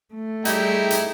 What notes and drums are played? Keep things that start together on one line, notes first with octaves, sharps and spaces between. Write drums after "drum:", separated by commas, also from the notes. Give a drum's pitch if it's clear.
A3
G3 D#4 E4 G4 G#4, drum: hi-hat
drum: hi-hat